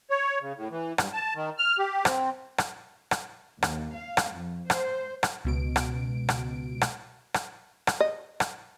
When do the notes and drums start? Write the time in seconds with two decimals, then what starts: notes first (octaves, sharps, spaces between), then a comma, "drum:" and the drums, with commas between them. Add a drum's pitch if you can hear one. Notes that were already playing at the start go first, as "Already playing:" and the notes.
0.10 C#5
0.42 C#3
0.58 A2
0.71 E3
0.98 G2, drum: rim click
1.13 A5
1.36 D#3
1.58 F6
1.78 G4
2.05 C4, drum: rim click
2.58 drum: rim click
3.11 drum: rim click
3.63 D#2, drum: rim click
3.96 F5
4.17 drum: rim click
4.32 F2
4.70 C5, drum: rim click
5.23 drum: rim click
5.45 C#2 B2 D7
5.76 drum: rim click
6.29 drum: rim click
6.81 drum: rim click
7.34 drum: rim click
7.87 drum: rim click
8.00 D#5
8.40 drum: rim click